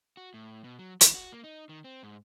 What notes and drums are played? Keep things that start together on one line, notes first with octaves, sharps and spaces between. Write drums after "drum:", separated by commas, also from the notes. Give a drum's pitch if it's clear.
F#4
A2
B2
F#3
E3, drum: hi-hat
F#4
A#3
D#4
D#3
C4
G#2